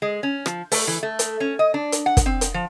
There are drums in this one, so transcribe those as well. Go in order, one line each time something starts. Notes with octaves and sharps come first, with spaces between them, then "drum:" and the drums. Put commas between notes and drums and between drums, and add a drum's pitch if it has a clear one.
G#3
C#4
F3, drum: rim click
A3, drum: open hi-hat
E3
A3
drum: hi-hat
C#4
D#5
D4
drum: hi-hat
F#5
drum: kick, hi-hat
C4
drum: hi-hat
F3